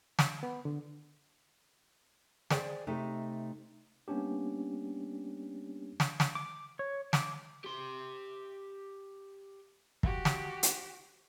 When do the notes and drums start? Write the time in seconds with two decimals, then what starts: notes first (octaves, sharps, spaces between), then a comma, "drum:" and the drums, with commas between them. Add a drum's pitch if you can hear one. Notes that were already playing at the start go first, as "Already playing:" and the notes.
0.19 E6, drum: snare
0.43 B3
0.65 D3
2.50 G#4 C5 D5 G5, drum: snare
2.87 C3 A3 D#4
4.08 G3 A#3 B3 C#4 D4 G4
6.00 drum: snare
6.20 drum: snare
6.35 D6
6.79 C#5
7.13 D6, drum: snare
7.64 G4 C6
10.03 F#4 G4, drum: kick
10.25 drum: snare
10.63 drum: hi-hat